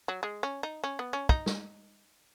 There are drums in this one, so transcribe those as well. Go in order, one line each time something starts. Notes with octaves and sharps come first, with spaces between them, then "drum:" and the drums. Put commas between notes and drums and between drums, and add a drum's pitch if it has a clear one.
F#3
G#3
C#4
D#4
C#4
B3
C#4
D#4, drum: kick
drum: snare